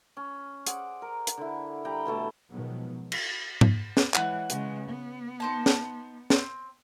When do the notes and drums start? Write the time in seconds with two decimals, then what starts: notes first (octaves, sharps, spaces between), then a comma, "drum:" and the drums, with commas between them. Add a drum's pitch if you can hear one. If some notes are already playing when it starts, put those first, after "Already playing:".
0.17 C#4
0.67 G#4 C5 D5 F#5, drum: hi-hat
1.02 A#4
1.27 drum: hi-hat
1.38 D3 E4
1.85 G3 G5 A#5 B5
2.05 B2 E3 A3 A5
2.51 B2 D#3 F3 F#3 G#3 B3
3.12 drum: cymbal
3.61 drum: tom G#2
3.97 drum: snare
4.14 E3 G#3 B4 C#5 F#5, drum: clap
4.50 C#3 G#3, drum: hi-hat
4.89 B3
5.40 D#4 C5 A5
5.66 drum: snare
6.30 C4, drum: snare